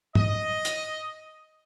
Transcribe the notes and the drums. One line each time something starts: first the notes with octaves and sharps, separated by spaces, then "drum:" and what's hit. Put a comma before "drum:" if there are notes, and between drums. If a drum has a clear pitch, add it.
D#5, drum: tom
drum: hi-hat